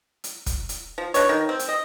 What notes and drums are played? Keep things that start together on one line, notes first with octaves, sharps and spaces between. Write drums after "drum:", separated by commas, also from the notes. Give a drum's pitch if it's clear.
drum: hi-hat
drum: kick, hi-hat
drum: hi-hat
F3
B2 D4 B4 C#5, drum: hi-hat
D#3
C4
drum: hi-hat
D#5